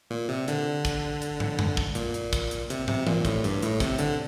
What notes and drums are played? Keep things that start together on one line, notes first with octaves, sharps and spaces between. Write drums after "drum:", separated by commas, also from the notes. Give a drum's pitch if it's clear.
A#2
C3
D3, drum: hi-hat
drum: kick, hi-hat
drum: hi-hat
drum: tom
drum: tom F#2
drum: kick
A#2, drum: hi-hat
drum: hi-hat
drum: kick, hi-hat
drum: hi-hat
C3, drum: hi-hat
C3, drum: tom
A#2, drum: tom E3
A2, drum: kick, hi-hat
G2, drum: hi-hat
A2, drum: hi-hat
C3, drum: kick, hi-hat
D3, drum: hi-hat